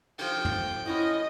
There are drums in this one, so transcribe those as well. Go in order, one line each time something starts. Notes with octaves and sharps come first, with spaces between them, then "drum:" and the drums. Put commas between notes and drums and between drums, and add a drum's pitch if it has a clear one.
C3 F3 G5, drum: cymbal
drum: tom
F3 C#4 E4 F#4 D#5